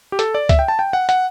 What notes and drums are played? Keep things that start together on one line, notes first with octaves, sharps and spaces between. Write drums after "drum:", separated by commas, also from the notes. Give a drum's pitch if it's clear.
G4
A4, drum: hi-hat
D5
E5, drum: kick C#2, hi-hat
G5
A5
G5
F#5
F#5, drum: hi-hat